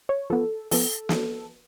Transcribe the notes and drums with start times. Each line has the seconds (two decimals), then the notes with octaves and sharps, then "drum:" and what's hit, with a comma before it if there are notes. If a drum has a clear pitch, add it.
0.09 C#5
0.30 F3 B3 A4
0.71 F3 B3 A4, drum: open hi-hat
1.09 drum: snare